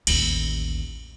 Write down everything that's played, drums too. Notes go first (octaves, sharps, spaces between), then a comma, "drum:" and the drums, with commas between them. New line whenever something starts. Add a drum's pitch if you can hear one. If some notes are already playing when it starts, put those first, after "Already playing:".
A1 D#2, drum: cymbal